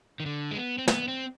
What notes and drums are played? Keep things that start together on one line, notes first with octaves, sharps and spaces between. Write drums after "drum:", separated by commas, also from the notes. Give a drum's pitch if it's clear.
D#3
D3
G#3
B3
C4
B3, drum: snare
C4